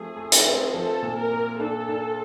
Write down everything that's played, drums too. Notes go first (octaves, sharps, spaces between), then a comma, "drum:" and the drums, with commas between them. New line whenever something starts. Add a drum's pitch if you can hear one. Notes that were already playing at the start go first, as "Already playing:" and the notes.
Already playing: F3 A3 C4 G#4
A3
drum: hi-hat
C4
F3 A4
A#2
A#4
A#3
D4 A4
D4